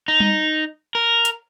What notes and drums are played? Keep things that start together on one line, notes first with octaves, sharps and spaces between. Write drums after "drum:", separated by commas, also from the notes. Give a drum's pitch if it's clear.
D#4
drum: tom G3
A#4
drum: hi-hat